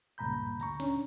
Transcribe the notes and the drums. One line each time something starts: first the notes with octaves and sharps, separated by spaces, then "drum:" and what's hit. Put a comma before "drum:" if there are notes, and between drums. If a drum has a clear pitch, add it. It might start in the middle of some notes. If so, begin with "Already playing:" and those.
C#2 G2 A#2 A#5 B5 G6
D2 A#5 C#6, drum: hi-hat
C#4 D4, drum: open hi-hat